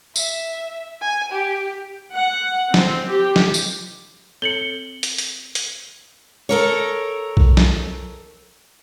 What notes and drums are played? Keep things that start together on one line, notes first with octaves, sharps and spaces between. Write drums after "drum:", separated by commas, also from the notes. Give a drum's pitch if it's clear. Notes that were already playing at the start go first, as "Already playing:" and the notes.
E5, drum: tambourine
G#5
G4
F#5
C4, drum: snare
G4
drum: snare
drum: tambourine
C4 A4 C#5 C#7 F#7 G7
drum: hi-hat
drum: hi-hat
drum: hi-hat
A4 A#4 C#5
drum: kick B1
drum: snare